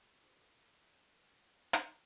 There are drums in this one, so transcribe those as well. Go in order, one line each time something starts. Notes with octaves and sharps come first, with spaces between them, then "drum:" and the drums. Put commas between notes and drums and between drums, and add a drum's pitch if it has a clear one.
D4 F4 G#4 B4 C5 C6
A4 C5 C#5 F5 G5 G#5
A4 B4
drum: hi-hat
C#4 F#5 A#5